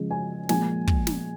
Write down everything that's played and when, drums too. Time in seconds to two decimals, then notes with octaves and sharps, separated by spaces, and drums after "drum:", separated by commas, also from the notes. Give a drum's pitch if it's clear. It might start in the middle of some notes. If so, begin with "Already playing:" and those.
Already playing: C#3 F3 G#3
0.11 G#5
0.49 A#2 F3 G#3 G#5, drum: snare
0.87 drum: kick
1.07 drum: snare